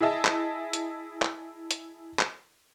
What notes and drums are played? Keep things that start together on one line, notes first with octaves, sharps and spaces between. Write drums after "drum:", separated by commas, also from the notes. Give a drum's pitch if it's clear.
E4 G#4 D#5 E5 A5
drum: clap
drum: hi-hat
drum: clap
drum: hi-hat
drum: clap